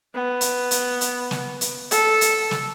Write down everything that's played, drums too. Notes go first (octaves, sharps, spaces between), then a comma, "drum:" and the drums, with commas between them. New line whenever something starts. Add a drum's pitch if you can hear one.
B3
drum: hi-hat
drum: hi-hat
drum: hi-hat
drum: snare
drum: hi-hat
A4, drum: hi-hat
drum: hi-hat
drum: snare